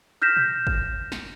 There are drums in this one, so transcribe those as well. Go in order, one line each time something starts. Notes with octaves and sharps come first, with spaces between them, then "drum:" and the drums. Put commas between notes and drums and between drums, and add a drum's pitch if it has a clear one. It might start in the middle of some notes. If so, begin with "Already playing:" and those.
F6 G6 A#6 B6 E7
drum: tom A#2
drum: kick
drum: snare